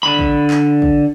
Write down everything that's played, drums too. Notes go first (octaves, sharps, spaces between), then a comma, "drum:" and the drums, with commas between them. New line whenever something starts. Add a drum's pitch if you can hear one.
D3 B5
drum: kick
drum: clap
drum: kick